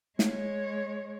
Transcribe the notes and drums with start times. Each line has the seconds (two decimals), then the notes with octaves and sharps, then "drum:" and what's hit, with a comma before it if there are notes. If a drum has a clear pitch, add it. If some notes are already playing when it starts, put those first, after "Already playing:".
0.19 G#3 C#5, drum: snare